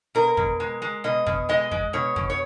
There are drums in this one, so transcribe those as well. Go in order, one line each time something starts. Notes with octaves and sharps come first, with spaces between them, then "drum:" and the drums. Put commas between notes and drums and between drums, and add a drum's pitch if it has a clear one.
B2 A#4
B2, drum: kick F2
G#3
G#3
B2 D#5
B2, drum: kick F2
G#3 D#5
G#3, drum: kick F2
B2 C#5
B2, drum: kick F2
C#5